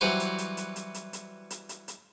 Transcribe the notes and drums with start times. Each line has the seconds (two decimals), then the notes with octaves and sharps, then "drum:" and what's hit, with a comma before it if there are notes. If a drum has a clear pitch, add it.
0.01 E3 F#3 G3 F#4 B4 C5
0.20 drum: hi-hat
0.38 drum: hi-hat
0.57 drum: hi-hat
0.76 drum: hi-hat
0.94 drum: hi-hat
1.13 drum: hi-hat
1.50 drum: hi-hat
1.69 drum: hi-hat
1.88 drum: hi-hat